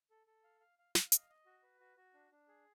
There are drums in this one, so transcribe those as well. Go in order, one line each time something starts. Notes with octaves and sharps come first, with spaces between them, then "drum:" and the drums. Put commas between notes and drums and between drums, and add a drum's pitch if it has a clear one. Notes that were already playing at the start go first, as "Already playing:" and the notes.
A4
A4
F5
F5
F5
F5, drum: snare
D#5, drum: hi-hat
D#5
F#4
B4
F#4
F#4
D4
D4
G#4